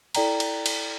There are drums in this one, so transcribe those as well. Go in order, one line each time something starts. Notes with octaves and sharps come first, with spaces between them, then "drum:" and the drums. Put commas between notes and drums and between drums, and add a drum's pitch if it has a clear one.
E4 A4 D5 G5 A#5, drum: cymbal
drum: cymbal
drum: cymbal